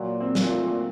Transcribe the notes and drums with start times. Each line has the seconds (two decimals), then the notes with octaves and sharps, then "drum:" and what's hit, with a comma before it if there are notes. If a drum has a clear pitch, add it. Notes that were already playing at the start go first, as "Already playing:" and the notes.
Already playing: A#2 F#3
0.20 C4
0.35 A#2, drum: snare
0.49 A3